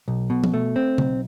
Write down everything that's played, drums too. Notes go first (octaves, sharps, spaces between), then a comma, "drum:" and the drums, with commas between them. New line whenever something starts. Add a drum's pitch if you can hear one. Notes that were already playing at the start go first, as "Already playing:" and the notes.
B1
B2
drum: tom
A3
C4
B1, drum: tom C#3